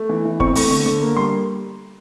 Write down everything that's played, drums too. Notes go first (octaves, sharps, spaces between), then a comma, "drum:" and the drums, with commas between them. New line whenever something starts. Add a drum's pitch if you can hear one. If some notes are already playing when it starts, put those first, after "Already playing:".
Already playing: A3
E3
E3
C4 C#6, drum: kick
A3 C#6, drum: open hi-hat
D3
D3
A#3
G3 C6